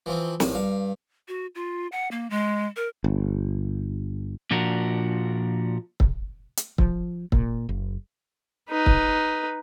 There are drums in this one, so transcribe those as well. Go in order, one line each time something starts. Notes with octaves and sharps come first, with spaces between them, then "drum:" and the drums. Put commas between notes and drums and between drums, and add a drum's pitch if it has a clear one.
E3 F3 C4
A#1 A2, drum: snare
G2 F5
F#4
F4
F#5
A#3
G#3
A#4
G1
A#2 F3 D4 F#4 A#4
drum: kick
drum: hi-hat
F3, drum: kick
A#2, drum: kick
F#1
D#4 B4
drum: kick